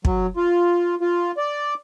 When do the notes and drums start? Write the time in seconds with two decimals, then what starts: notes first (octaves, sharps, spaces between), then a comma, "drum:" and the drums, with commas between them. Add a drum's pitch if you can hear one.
0.05 F#3, drum: kick
0.37 F4
1.01 F4
1.37 D5